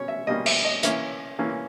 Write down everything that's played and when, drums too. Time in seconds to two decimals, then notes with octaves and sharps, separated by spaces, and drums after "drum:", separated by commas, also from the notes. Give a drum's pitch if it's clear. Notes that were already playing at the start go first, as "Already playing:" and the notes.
Already playing: B2 C#4 C#5
0.08 E5
0.27 B2 G3 A#3 C#4 D#5
0.46 E5, drum: cymbal
0.65 D#5
0.83 E3 A#3 C#4 E5, drum: hi-hat
1.39 E3 A#3 C#4